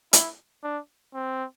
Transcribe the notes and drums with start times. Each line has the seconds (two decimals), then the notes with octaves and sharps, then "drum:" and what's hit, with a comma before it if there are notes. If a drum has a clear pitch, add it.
0.13 E4, drum: hi-hat
0.63 D4
1.14 C4